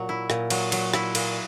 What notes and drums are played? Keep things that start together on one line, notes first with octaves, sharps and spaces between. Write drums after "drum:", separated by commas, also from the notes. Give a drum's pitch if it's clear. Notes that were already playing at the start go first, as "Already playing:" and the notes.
Already playing: A#2 F#3
E4
A#2, drum: rim click
F#3, drum: cymbal
F#3, drum: cymbal
E4, drum: rim click
A#2, drum: cymbal